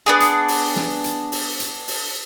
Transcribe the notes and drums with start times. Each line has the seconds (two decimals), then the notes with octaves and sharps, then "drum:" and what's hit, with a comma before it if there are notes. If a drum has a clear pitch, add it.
0.06 B3 D4 G#4
0.20 drum: hi-hat
0.48 drum: open hi-hat
0.76 drum: snare
1.04 drum: hi-hat
1.32 drum: open hi-hat
1.60 drum: hi-hat
1.88 drum: open hi-hat